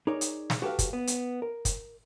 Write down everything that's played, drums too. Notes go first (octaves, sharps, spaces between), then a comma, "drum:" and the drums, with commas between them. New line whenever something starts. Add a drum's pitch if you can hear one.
D#4 G#4 A#4 C#5 D5
drum: hi-hat
drum: snare
F#4 G4 A4 B4 F5
drum: kick, hi-hat
B3
drum: hi-hat
A#4
drum: kick, hi-hat